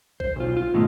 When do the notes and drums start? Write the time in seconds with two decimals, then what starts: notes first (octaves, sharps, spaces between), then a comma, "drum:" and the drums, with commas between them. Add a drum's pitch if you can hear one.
0.20 C5, drum: kick A#1
0.36 B1 F4
0.57 F4
0.74 G#2 B2 D#3 G#3 A3